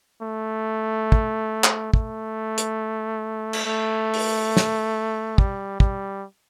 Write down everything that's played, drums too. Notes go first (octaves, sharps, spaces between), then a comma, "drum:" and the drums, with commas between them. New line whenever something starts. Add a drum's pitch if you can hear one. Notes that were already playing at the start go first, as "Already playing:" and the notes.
A3
drum: kick
drum: clap
A3, drum: kick
drum: hi-hat
drum: cymbal
A3
drum: open hi-hat
drum: snare
G3, drum: kick
G3, drum: kick